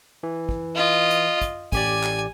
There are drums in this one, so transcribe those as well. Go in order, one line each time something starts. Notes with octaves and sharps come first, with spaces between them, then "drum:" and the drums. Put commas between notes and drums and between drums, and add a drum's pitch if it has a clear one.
E3
drum: kick
F4 D#5
drum: hi-hat
drum: kick, hi-hat
A1 G4 D5 G#5, drum: kick, hi-hat
drum: clap